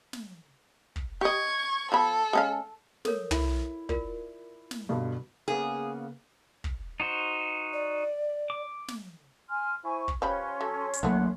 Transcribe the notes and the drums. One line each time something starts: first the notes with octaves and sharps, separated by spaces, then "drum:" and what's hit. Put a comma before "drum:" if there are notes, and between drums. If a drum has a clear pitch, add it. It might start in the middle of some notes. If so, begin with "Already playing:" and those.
drum: snare
drum: kick
G4 D#5 C#6 G#6
F3 B3 A4 B5
G#3 C#4 F5
A4 A#4 C#5, drum: snare
E4, drum: tom
F4 A#4 D5, drum: kick
drum: snare
G2 B2 D3
C#3 A#3 B3 G#4
drum: kick
D#4 F#4 C5
D5
D6
drum: snare
G#5 C6 F6
E4 C5 G#5 C#6
drum: kick
F3 G3 C#4 B4 B5 C6
F#3 A4
drum: hi-hat
D2 E3 F#3 A3 A#3 F#5